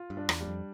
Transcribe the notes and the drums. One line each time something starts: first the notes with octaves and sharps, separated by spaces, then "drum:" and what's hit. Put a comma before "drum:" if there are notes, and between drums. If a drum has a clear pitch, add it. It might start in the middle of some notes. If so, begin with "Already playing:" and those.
Already playing: F4
G2
D4
E2, drum: rim click
G3
F2